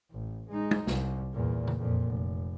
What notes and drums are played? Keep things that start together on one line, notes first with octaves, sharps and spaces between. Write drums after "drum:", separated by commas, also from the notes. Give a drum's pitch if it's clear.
A1
G#3 D#4
drum: tom
C2, drum: snare
E2 A#2
drum: tom C#3
F2 A#2
F1